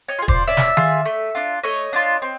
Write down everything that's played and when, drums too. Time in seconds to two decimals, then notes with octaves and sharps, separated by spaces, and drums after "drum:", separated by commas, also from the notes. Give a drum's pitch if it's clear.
0.08 C#5 D#5
0.19 F4 G#4
0.28 C5 D5, drum: kick
0.48 C#4 D5 E5
0.57 drum: snare
0.77 F4 G#4, drum: tom D#3
1.05 A3
1.35 D4 F4
1.63 A3 C#5 D#5
1.93 D4 F4
2.22 C4